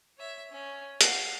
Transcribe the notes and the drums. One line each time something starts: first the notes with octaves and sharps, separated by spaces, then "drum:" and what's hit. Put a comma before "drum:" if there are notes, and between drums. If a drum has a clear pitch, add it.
C#5 E5
C#4
F5 F#5, drum: hi-hat